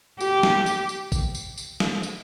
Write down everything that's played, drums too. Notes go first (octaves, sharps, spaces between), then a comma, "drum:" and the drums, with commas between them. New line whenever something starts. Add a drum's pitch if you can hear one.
G4, drum: tambourine
drum: snare
drum: tambourine
drum: tambourine
drum: kick A1, tambourine
drum: tambourine
drum: tambourine
drum: snare
drum: tambourine